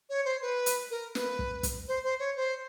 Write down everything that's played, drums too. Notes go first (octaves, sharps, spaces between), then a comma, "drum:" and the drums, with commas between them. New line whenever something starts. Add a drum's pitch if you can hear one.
C#5
C5
B4
drum: hi-hat
A#4
B4, drum: snare
drum: kick
drum: kick, hi-hat
C5
C5
C#5
C5